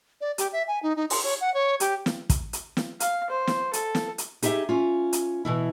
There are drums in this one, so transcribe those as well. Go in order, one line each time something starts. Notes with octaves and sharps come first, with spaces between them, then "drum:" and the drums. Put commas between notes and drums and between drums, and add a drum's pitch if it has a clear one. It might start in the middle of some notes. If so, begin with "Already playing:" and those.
D5
G4, drum: hi-hat
E5
G#5
D#4
D#4
C6, drum: open hi-hat
C#5
F#5
C#5
G4, drum: hi-hat
drum: snare
drum: kick, hi-hat
drum: hi-hat
drum: snare
F5, drum: hi-hat
C5
drum: snare
A4, drum: hi-hat
drum: snare
drum: hi-hat
D#4 G4 G#4 D#5 E5, drum: hi-hat
C#4 F4
drum: hi-hat
B2 E3 E4